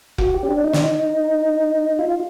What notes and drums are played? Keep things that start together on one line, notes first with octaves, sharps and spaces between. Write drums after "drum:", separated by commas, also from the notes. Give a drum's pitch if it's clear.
F#4, drum: kick F1
G4
C#4
D4
D#4
D4, drum: snare
D#4
F4